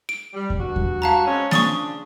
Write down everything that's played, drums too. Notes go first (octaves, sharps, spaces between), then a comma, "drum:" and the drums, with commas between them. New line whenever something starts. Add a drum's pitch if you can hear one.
D7
G3
drum: kick E2
G2 F#4
drum: kick E2
F5 A5 A#5
G#3 C4 C#4
C#3 F3 D4 C#6 D#6 A6, drum: snare A#3